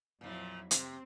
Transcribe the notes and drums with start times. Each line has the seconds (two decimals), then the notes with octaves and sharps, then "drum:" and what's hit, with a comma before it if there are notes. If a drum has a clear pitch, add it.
0.21 F2 A#2 F3 F#3 E4
0.71 C3 C4, drum: hi-hat